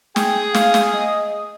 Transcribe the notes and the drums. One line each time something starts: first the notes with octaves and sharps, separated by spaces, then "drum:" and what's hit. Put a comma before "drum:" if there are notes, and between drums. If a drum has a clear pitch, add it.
G#4 G5, drum: snare
F5, drum: snare
drum: snare
D#5